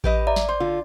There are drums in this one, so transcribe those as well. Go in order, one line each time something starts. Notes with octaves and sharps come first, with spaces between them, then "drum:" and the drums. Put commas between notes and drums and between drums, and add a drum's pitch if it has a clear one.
G4 B4 D#5, drum: kick A1
D5 E5 A#5
drum: snare
C5 C6
D3 F4